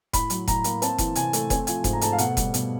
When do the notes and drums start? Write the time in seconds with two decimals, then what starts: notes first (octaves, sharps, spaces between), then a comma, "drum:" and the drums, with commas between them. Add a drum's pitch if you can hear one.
0.13 A2 B5, drum: kick F1, hi-hat
0.30 F#3, drum: hi-hat
0.47 A2 A#5, drum: kick F1, hi-hat
0.64 A#3, drum: hi-hat
0.82 C4 A5, drum: hi-hat
0.98 E3, drum: kick F1, hi-hat
1.15 C3 G#5, drum: hi-hat
1.33 A3, drum: hi-hat
1.50 C4 G#5, drum: kick F1, hi-hat
1.67 F3 G#5, drum: hi-hat
1.84 G#2, drum: kick F1, hi-hat
1.93 A#5
2.01 A3 A5, drum: hi-hat
2.12 F5
2.18 B2 F#5, drum: hi-hat
2.37 G3, drum: kick F1, hi-hat
2.54 B2, drum: hi-hat